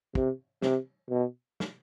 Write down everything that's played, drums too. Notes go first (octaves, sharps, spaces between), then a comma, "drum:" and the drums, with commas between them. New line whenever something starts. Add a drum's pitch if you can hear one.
C3, drum: kick
C3, drum: snare
B2
drum: snare